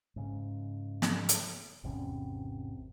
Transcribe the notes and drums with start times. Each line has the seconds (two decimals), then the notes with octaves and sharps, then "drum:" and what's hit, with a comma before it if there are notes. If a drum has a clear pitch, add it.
0.16 G#2 C#3
1.02 drum: snare
1.29 drum: hi-hat
1.84 G#1 E2 C3 C#4